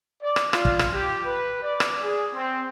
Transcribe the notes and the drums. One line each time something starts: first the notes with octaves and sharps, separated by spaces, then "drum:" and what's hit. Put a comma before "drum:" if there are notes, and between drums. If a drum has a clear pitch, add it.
D5
drum: rim click
F4, drum: rim click
drum: kick
drum: rim click
G4
B4
D5
drum: rim click
G#4
C4